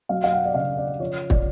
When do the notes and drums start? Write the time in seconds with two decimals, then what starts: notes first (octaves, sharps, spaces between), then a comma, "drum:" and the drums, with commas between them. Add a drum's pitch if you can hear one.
0.09 F#3 F5
0.24 F5
0.33 F#5
0.45 D5
0.54 C#3 F5
0.77 D5
1.00 F3 C#5
1.30 D5, drum: kick